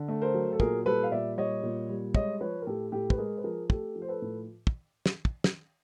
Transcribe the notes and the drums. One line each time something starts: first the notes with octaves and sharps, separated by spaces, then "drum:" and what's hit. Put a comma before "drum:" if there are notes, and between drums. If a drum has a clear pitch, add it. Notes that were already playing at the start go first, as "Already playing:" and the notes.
Already playing: D3
A3
A#4 C5
F#3
A4
A#2 G#4 A#4, drum: kick
G3 A4 B4
F5
A#2 D5 E5
G3 C#5 D#5
A#2
G3
G#3 C#5 D#5, drum: kick
F3 B4 C#5
A#4
A2 G4 A4
A2 G4 A4
B4, drum: kick
G#3 G#4 A#4
B4
F3 G#4 A#4
A3 G4 A4, drum: kick
F3
C5
A4 B4
A2
drum: kick
drum: snare
drum: kick
drum: snare